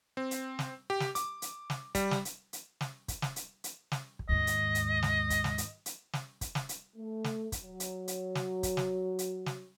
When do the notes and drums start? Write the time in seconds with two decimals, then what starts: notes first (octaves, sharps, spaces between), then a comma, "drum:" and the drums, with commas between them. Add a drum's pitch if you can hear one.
0.17 C4
0.31 drum: hi-hat
0.59 drum: snare
0.90 G4
1.00 drum: snare
1.15 D6, drum: hi-hat
1.42 drum: hi-hat
1.70 drum: snare
1.95 G3, drum: kick, hi-hat
2.11 drum: snare
2.25 drum: hi-hat
2.53 drum: hi-hat
2.81 drum: snare
3.08 drum: kick, hi-hat
3.22 drum: snare
3.36 drum: hi-hat
3.64 drum: hi-hat
3.92 drum: snare
4.19 drum: kick
4.29 D#2 G#2 D#5
4.47 drum: hi-hat
4.75 drum: hi-hat
5.03 drum: snare
5.30 drum: kick, hi-hat
5.44 drum: snare
5.58 drum: hi-hat
5.86 drum: hi-hat
6.13 drum: snare
6.41 drum: kick, hi-hat
6.55 drum: snare
6.69 drum: hi-hat
6.97 A3
7.24 drum: snare
7.52 drum: kick, hi-hat
7.62 F#3
7.80 drum: hi-hat
8.08 drum: hi-hat
8.35 drum: snare
8.63 drum: kick, hi-hat
8.77 drum: snare
9.19 drum: hi-hat
9.46 drum: snare